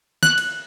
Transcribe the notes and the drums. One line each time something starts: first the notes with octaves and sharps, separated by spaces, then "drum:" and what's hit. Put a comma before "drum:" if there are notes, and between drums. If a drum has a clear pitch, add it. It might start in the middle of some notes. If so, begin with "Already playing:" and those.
F#6, drum: snare
drum: cymbal